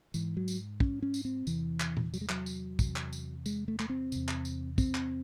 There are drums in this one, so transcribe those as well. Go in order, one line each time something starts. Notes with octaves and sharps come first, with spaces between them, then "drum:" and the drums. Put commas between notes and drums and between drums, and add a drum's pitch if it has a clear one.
G#2 E3, drum: tambourine
F#3
drum: tambourine
C#4, drum: kick
C#4
drum: tambourine
C4
E2 C3 E3, drum: tambourine
drum: clap
drum: tom A#2
F#3, drum: tambourine
G#3
F#3, drum: clap
drum: tambourine
C3, drum: kick, tambourine
E2
drum: clap
drum: tambourine
G#3, drum: tambourine
A3
A3, drum: clap
C4
E2 C3, drum: tambourine
drum: clap
drum: tambourine
C4, drum: kick, tambourine
drum: clap